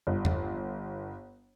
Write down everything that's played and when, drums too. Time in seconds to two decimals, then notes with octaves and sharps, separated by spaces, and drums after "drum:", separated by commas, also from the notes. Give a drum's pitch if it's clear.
0.07 G1
0.25 drum: tom E2